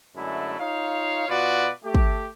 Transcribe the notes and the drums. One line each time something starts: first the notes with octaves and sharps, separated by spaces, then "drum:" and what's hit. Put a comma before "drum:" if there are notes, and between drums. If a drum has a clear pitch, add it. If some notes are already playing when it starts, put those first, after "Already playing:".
F#2 D3 G#3 A3 E4
D#4 F4 C#5 F5
B2 F4 F#4 B4 D5
A3 G4
drum: kick